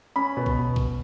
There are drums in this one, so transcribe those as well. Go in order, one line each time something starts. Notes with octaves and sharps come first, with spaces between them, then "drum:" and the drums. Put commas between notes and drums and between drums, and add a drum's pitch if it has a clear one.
C#4 B5
B2
drum: kick A#1
drum: kick A#1